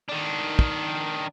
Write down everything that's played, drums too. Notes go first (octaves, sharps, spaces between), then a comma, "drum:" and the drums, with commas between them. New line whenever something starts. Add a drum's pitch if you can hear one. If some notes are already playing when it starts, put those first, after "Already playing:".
D#3 D4
drum: kick